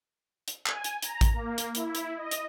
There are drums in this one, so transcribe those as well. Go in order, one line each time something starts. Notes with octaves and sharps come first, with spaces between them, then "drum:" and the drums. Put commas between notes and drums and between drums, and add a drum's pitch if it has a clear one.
drum: hi-hat
G#5, drum: clap
drum: hi-hat
A#5, drum: hi-hat
drum: kick A1, hi-hat
A#3
drum: hi-hat
E4, drum: hi-hat
drum: hi-hat
D#5
drum: hi-hat